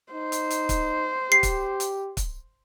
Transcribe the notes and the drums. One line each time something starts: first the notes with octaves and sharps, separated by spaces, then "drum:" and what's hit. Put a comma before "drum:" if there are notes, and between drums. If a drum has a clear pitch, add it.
D#4 C5
drum: hi-hat
drum: hi-hat
drum: kick, hi-hat
G4 C7
drum: kick, hi-hat
drum: hi-hat
drum: kick, hi-hat